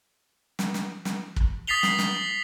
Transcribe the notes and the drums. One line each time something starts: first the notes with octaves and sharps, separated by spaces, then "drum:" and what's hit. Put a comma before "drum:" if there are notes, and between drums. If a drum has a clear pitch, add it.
drum: snare
drum: snare
drum: snare
drum: kick
D#6 A6 B6 C7 F7 G7
drum: snare
drum: snare